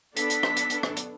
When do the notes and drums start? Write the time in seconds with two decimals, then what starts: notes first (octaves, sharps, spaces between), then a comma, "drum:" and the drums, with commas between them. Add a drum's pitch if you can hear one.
0.17 B3 D4 A4 B6, drum: hi-hat
0.30 drum: hi-hat
0.43 drum: rim click
0.57 drum: hi-hat
0.70 drum: hi-hat
0.83 drum: rim click
0.97 drum: hi-hat